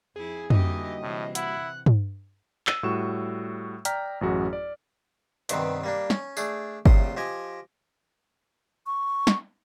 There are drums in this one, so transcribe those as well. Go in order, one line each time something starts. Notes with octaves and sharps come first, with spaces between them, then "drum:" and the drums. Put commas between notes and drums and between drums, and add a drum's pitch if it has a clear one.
F2 E4 G#4
D3 E3 G3 A#3 D#4 F#4 G4 D#5, drum: tom
A2 C3 E3
E4 F#5, drum: hi-hat
drum: tom
E6 D#7, drum: clap
A2 G3 F#4 C#6 E7
D5 G5 A#5 F6 B6, drum: hi-hat
A1 F#2 F#4 G#4
D5
G2 C3 D#3 B3 C4, drum: hi-hat
G3 A#3 D4
C#4, drum: snare
A3 D4 G#4, drum: tambourine
A#1 A2 C3 F4 C6 D#6, drum: kick G1
F3 G4 D#5 G#5
C#6
drum: snare